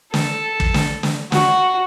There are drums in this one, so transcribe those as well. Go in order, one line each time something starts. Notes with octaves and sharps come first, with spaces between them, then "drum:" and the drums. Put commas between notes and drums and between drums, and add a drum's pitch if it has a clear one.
A4, drum: snare
drum: kick
drum: snare
drum: snare
F#4, drum: snare